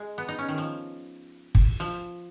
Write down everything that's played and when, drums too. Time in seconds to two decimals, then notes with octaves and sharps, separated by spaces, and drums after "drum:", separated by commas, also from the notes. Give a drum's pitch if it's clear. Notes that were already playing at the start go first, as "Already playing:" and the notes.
Already playing: G#3
0.18 B3
0.28 D#4
0.38 C#4
0.48 D#3
0.58 F3
1.55 drum: kick
1.80 F3